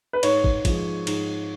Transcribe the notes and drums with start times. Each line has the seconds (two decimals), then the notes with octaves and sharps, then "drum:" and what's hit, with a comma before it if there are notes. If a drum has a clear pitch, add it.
0.13 B4
0.23 G#2 C#5, drum: cymbal
0.44 drum: kick
0.65 F3 G#3, drum: kick, cymbal
1.07 G#2, drum: cymbal